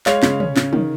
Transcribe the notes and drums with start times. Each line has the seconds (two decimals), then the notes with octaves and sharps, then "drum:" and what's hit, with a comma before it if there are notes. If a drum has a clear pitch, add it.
0.06 G#3 C#5 F5, drum: clap
0.23 C#3, drum: clap
0.40 C#4, drum: tom
0.57 C#3, drum: clap
0.73 D#3, drum: tom